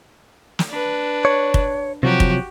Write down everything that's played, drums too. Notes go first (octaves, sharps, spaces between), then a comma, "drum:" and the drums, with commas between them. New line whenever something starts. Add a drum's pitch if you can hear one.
drum: snare
D4 B4
C#5
drum: kick
C3 F3 F#3 F#4 G4
drum: kick